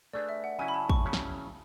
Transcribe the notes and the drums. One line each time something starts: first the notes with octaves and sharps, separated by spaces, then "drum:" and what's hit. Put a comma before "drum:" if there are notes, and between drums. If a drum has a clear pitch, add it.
A3 D4 G#4 B4 D5
E5
F#5
C#3 F#3 C#4 E4 G#5
B5
A5
C#6, drum: kick
C#3 F#3 C#4 E4
drum: snare